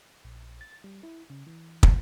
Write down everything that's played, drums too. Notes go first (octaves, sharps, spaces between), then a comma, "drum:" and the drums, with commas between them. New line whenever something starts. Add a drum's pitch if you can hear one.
A#1
A6
G3
E4
C#3
E3
drum: kick